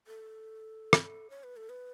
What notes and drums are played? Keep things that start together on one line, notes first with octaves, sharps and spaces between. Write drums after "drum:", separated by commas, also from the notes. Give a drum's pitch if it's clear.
A4
drum: rim click
C#5
B4
A4
B4